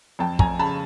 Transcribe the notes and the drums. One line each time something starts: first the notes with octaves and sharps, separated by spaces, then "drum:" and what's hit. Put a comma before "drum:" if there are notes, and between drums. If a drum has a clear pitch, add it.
F2 G5 A5
F2 G#5 A#5, drum: kick
C#3 A5 B5